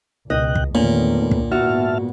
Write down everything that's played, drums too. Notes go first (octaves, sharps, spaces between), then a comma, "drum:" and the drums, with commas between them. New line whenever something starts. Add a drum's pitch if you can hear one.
C#2 B2 D#5 G5 F#6
drum: kick
E2 A#2 D3 D#3 A3 B3 C#4
drum: kick
G#2 B3 F#4 E5 A5 F6